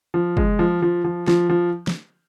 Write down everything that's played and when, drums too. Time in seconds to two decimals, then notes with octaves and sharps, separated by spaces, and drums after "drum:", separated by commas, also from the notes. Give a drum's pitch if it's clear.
0.14 F3
0.37 G#3, drum: kick
0.59 F3
0.82 F3
1.04 F3
1.27 F3, drum: snare
1.50 F3
1.87 drum: snare